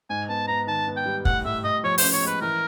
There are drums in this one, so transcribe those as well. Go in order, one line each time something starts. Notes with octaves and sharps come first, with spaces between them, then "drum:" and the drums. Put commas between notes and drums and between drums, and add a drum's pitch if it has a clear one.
G#2 G#5
B3 A5
B3 A#5
D#3 A5
B3
G5
G3
A2 F#5, drum: kick
A2 E5
A2 D#5
F3 C#5
C#4 C5, drum: open hi-hat
C#5
G#3 B4
E3 A#4